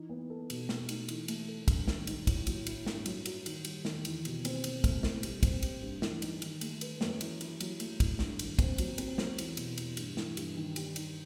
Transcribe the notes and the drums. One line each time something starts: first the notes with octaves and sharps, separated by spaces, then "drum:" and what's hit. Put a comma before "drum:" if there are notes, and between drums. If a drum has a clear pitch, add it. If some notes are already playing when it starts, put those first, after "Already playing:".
Already playing: E3 D#4
B3
A4
B2, drum: cymbal
A3, drum: snare
D#4, drum: cymbal
E3, drum: cymbal
A3, drum: cymbal
A4
G2, drum: kick, cymbal
D#3, drum: snare
D#4, drum: cymbal
A2, drum: kick, cymbal
F#3, drum: cymbal
E4, drum: cymbal
G2, drum: snare
F#3, drum: cymbal
F#4, drum: cymbal
D#3, drum: cymbal
G3, drum: cymbal
D#3, drum: snare
E2, drum: cymbal
B2, drum: cymbal
C4, drum: cymbal
B2, drum: cymbal
A3, drum: kick, cymbal
E4, drum: snare
G3, drum: cymbal
C4, drum: kick, cymbal
G4, drum: cymbal
G2
E3, drum: snare
D#4, drum: cymbal
D#3, drum: cymbal
A3, drum: cymbal
B4, drum: cymbal
F#2, drum: snare
E3, drum: cymbal
E4, drum: cymbal
F#3, drum: cymbal
A3, drum: cymbal
E4, drum: kick, cymbal
G2, drum: snare
D#3, drum: cymbal
C4, drum: kick, cymbal
F#3, drum: cymbal
C4, drum: cymbal
F#3, drum: snare
E2, drum: cymbal
B2, drum: cymbal
E2, drum: cymbal
G2, drum: cymbal
E3, drum: snare
G2, drum: cymbal
D#3
G3, drum: cymbal
D#4, drum: cymbal